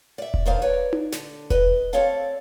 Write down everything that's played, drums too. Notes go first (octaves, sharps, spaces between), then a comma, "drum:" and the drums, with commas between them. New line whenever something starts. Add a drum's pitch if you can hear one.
D5 E5
drum: kick E1
D#2 D3 D#3 D4 C5 F5
B4 C#5 D5 A#5
drum: tom D#4
D3, drum: snare
B4 D#5, drum: kick E1
C4 A4 C#5 D5 F5 A5